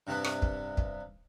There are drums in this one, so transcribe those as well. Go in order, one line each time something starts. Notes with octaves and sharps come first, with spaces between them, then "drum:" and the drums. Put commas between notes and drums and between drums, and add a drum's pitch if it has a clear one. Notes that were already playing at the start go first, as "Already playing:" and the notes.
G2 C3 B3 F#5
drum: rim click
drum: kick
drum: kick